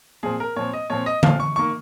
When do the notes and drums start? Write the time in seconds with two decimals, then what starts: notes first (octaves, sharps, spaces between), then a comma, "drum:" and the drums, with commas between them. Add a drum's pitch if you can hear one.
0.23 A#2 F3 C4 G#4
0.40 A#4
0.56 A#2 F3 C4 C#5
0.73 D#5
0.90 A#2 F3 C4 C#5
1.06 D#5
1.23 A#2 F3 C4 F5, drum: tom D3
1.40 C#6
1.56 D#3 A#3 C#6